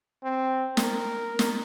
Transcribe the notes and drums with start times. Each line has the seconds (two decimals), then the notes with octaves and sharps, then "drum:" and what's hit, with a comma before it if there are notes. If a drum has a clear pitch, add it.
0.24 C4
0.77 A#4, drum: snare
1.39 drum: snare